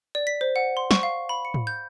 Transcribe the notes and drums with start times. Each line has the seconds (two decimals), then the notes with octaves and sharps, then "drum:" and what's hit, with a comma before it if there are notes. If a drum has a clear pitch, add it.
0.15 D5
0.27 B6
0.41 C5
0.56 F#5
0.77 C6
0.91 C#6, drum: snare
1.03 F5
1.29 B5
1.45 C#7
1.54 drum: tom
1.67 G6